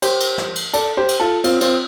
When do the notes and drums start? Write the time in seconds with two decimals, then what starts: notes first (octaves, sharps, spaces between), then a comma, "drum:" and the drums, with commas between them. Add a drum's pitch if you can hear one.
0.02 G4 C5, drum: cymbal
0.20 drum: cymbal
0.38 drum: snare
0.56 drum: cymbal
0.73 A4 D5, drum: cymbal
0.97 G4 C5
1.08 drum: cymbal
1.20 F4 A4
1.44 C4 F4, drum: cymbal
1.61 C4 F4, drum: cymbal